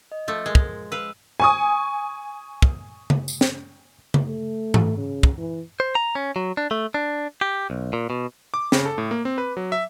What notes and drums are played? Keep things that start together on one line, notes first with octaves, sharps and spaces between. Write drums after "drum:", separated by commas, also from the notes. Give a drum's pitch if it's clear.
D#5
F3 A3
G#3 A#4
drum: kick
B4 F5 E6
G#5 C#6 D#6
drum: kick
drum: tom C#3
drum: tambourine
drum: snare
drum: tom C#3
A3
drum: tom
C#3
drum: kick
E3
C5
A#5
C#4
F#3
D4
A3
D4
G4
B1
A#2
B2
D6
C#3, drum: snare
A4
A2
A#3
C4
B4
F#3
E5